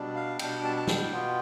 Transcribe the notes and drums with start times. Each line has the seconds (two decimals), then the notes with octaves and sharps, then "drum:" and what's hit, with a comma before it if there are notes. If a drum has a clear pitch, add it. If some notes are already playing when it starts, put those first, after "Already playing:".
Already playing: B2 G3 D4
0.16 F5
0.39 B2 G3 D4 G5, drum: cymbal
0.64 A5
0.77 A5
0.87 G5, drum: snare
1.12 B2 B3 F4